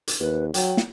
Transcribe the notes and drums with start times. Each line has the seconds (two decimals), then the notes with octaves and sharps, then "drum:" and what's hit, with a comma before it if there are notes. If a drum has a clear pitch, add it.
0.08 drum: hi-hat
0.20 D#2 B4
0.54 F#3 G5, drum: hi-hat
0.77 drum: snare